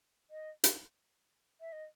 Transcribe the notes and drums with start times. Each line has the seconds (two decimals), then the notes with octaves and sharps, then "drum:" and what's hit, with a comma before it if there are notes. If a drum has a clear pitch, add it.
0.30 D#5
0.64 drum: hi-hat
1.61 E5
1.72 D#5